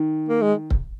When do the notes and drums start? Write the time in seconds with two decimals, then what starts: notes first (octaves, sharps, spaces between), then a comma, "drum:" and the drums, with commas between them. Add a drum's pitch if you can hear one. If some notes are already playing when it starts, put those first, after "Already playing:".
Already playing: D#3
0.29 A#3
0.42 G#3
0.70 drum: kick C#1